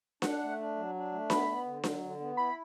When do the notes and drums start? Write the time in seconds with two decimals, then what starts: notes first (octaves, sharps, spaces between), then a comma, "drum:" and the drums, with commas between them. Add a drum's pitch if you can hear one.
0.22 D4 F#5, drum: snare D4
0.40 A3
0.57 D4
0.76 F#3
0.94 D4
1.12 A3
1.30 B3 B5, drum: snare D4
1.48 B3
1.65 D3
1.84 F#3, drum: snare D4
2.02 D3
2.20 B3
2.37 E4 B5